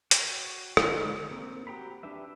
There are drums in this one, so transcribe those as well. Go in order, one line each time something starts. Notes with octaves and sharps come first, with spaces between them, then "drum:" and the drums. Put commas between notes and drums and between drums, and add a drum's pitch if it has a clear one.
F#4 C#5 G5, drum: hi-hat
D3 D#3 G#3 A#3 D#4, drum: rim click
A#3 C4
F#4 G4 G5 A#5 B5
D4 G4 B4 E5